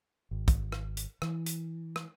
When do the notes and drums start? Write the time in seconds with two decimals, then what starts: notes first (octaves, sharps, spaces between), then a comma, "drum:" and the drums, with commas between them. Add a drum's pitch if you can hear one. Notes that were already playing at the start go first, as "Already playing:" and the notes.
0.31 G#1
0.48 drum: kick, hi-hat
0.72 drum: rim click
0.97 drum: hi-hat
1.22 E3, drum: rim click
1.46 drum: hi-hat
1.96 drum: rim click